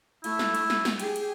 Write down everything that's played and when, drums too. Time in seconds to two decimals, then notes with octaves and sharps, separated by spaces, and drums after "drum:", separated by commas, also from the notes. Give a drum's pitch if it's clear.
0.24 A3 E4, drum: cymbal
0.39 drum: snare
0.55 drum: cymbal
0.70 drum: snare
0.85 drum: snare
0.99 G4 G#4, drum: cymbal
1.16 drum: cymbal